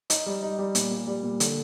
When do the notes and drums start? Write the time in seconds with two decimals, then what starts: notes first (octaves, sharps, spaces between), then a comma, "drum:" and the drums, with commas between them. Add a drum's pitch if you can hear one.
0.10 D#4, drum: hi-hat
0.26 G3
0.43 D#4
0.59 G3
0.75 A#2, drum: hi-hat
0.91 A#2
1.07 G3
1.23 A#2
1.40 D3, drum: hi-hat